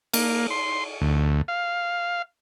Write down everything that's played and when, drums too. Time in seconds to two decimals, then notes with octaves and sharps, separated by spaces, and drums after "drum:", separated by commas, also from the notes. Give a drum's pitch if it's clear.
0.13 A#3, drum: cymbal
0.51 C6
1.01 D2
1.48 F5